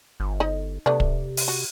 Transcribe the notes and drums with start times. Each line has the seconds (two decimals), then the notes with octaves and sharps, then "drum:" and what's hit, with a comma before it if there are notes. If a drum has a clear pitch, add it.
0.20 G1
0.40 D#4 D#5
0.86 C3 A3 B3 D4
1.00 drum: kick
1.37 drum: open hi-hat
1.48 F#4